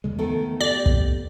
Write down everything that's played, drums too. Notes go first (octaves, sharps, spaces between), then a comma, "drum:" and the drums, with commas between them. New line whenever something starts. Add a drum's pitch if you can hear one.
D#2 C#3 G#3
D#3 A3 B3 A4
G4 D5
drum: kick